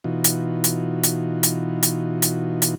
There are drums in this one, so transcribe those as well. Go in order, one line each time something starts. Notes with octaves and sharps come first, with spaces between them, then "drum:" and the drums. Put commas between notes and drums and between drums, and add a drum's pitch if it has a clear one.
B2 E3 D#4 F4 F#4
drum: hi-hat
drum: hi-hat
drum: hi-hat
drum: hi-hat
drum: hi-hat
drum: hi-hat
drum: hi-hat